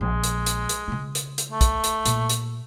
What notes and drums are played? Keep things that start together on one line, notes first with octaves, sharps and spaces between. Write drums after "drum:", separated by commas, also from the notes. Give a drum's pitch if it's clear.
A#1 G#3
drum: hi-hat
drum: hi-hat
drum: hi-hat
C#3 F4
drum: hi-hat
drum: hi-hat
A3
drum: kick, hi-hat
drum: hi-hat
A#2, drum: hi-hat
drum: hi-hat